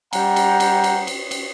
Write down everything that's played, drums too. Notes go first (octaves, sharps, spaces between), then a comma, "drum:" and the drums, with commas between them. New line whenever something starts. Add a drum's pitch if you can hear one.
G3 F#5 G5 A#5, drum: cymbal
drum: cymbal
drum: cymbal
drum: cymbal
drum: cymbal
drum: cymbal